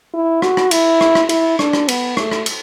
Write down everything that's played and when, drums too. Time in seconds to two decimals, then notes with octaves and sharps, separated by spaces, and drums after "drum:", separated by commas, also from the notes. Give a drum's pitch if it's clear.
0.14 E4
0.42 F#4, drum: rim click
0.57 drum: rim click
0.71 E4, drum: cymbal
1.01 drum: rim click
1.15 drum: rim click
1.29 E4, drum: cymbal
1.59 D4, drum: rim click
1.73 drum: rim click
1.88 B3, drum: cymbal
2.17 A3, drum: rim click
2.31 drum: rim click
2.46 drum: cymbal